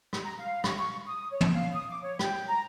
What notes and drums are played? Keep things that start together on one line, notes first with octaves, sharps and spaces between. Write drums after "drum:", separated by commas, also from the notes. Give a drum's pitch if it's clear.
drum: rim click
A#5
F5
C#6, drum: rim click
C#6
D#6
C#5
drum: tom
F5
D#6
D6
C#5
G5, drum: rim click
A#5